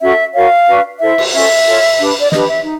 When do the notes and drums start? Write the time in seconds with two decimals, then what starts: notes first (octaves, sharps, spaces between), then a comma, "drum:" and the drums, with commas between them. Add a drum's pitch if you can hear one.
0.01 C#4 F#4 A4 E5
0.33 F#4 A#4 C#5 F5
0.67 D4 F#4 B4
1.00 E4 A4 C5 E5
1.18 drum: cymbal
1.32 C#4 F4 A4 E5
1.66 F4 A4 C#5
1.99 D4 G4 B4
2.20 D5
2.32 D4 G4 B4 D#5, drum: snare
2.48 E5
2.64 D#4